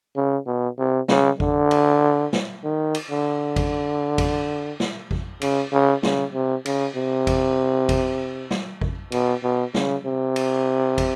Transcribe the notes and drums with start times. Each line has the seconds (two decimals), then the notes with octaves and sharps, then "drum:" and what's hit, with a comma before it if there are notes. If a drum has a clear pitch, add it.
0.16 C#3
0.47 B2
0.79 C3
1.09 C#3, drum: snare
1.40 D3, drum: kick
1.71 drum: cymbal
2.33 drum: snare
2.64 D#3
2.94 drum: cymbal
3.10 D3
3.56 drum: kick, cymbal
4.18 drum: kick, cymbal
4.80 drum: snare
5.11 drum: kick
5.41 C#3, drum: cymbal
5.72 C#3
6.03 C#3, drum: snare
6.34 C3
6.65 C#3, drum: cymbal
6.96 C3
7.27 drum: kick, cymbal
7.89 drum: kick, cymbal
8.51 drum: snare
8.81 drum: kick
9.12 B2, drum: cymbal
9.43 B2
9.74 C#3, drum: snare
10.06 C3
10.36 drum: cymbal
10.98 drum: kick, cymbal